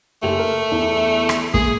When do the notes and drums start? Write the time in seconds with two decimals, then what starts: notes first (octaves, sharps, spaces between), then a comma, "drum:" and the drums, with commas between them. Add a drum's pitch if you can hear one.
0.23 F#1 A3 G4 F7
0.39 A#4
0.71 E2
1.29 drum: rim click
1.54 A#3 G#4, drum: kick